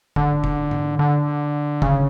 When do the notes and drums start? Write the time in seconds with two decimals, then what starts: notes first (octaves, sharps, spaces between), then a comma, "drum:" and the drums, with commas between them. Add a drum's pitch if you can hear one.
0.16 D3, drum: kick F1
0.44 drum: kick F1
0.71 drum: tom G#2
0.99 D3
1.82 C#3, drum: kick F1